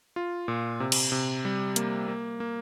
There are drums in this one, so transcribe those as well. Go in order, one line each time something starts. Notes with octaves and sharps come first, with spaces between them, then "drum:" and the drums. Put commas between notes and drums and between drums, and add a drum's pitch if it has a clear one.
F4
A#2
C3
drum: cymbal
C3
G3
A#3, drum: hi-hat
A#3
A#3